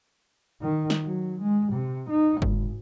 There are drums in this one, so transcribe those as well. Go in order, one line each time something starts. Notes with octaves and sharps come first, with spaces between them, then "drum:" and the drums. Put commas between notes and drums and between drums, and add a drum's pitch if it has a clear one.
D#3
drum: snare
F#3
G#3
C3
D#4
G#1, drum: kick F#1